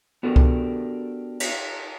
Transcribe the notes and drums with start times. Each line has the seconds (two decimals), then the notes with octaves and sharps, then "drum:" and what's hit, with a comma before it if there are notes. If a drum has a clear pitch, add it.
0.23 B3 D4 F#4 G4 A4 A#4
0.36 drum: kick C2
1.40 drum: cymbal